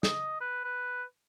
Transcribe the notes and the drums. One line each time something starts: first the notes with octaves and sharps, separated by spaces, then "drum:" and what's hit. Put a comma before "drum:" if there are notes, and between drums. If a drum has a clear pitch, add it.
D#5, drum: snare
B4
B4